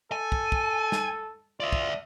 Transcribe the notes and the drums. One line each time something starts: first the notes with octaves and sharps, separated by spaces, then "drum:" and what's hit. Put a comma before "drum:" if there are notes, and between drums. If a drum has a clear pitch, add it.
A4 G#5
drum: kick
drum: kick
drum: snare
F4 D5 E5
drum: kick